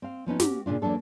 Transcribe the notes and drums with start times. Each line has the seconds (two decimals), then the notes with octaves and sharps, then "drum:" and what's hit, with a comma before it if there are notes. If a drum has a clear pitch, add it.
0.02 C4 F5
0.26 F3 B3 C#4 D#4
0.40 C#4 F#4 G4, drum: snare
0.66 A#2 C#3 D4 F4
0.82 E2 F#3 A#3 D4 A4